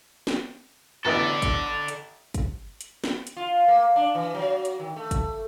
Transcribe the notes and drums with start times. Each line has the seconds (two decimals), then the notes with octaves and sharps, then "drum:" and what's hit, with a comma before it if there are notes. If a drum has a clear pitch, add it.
0.27 drum: snare
1.05 A1 B3 E4 A4 D5
1.42 drum: kick, hi-hat
1.88 drum: hi-hat
2.34 drum: kick, hi-hat
2.81 drum: hi-hat
3.04 drum: snare
3.27 drum: hi-hat
3.37 F4
3.68 A#3
3.96 D4
4.15 E3
4.34 F#3
4.65 drum: hi-hat
4.80 D#3
4.96 A3
5.11 drum: kick, hi-hat